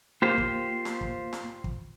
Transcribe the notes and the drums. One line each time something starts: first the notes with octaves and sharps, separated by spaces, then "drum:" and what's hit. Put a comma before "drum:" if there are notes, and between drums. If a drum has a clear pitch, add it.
A#3 F4 G4 C5
drum: kick
drum: snare
drum: kick
drum: snare
drum: kick